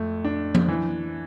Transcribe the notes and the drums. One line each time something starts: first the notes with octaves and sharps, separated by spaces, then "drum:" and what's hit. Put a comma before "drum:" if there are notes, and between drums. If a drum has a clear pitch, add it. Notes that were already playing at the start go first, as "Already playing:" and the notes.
Already playing: F2 A3
D4
drum: tom F3
E3